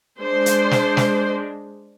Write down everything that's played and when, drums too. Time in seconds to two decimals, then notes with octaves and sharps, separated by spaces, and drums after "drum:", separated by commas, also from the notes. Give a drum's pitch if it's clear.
0.20 G#3 D4 C5
0.46 drum: hi-hat
0.71 drum: snare
0.97 drum: snare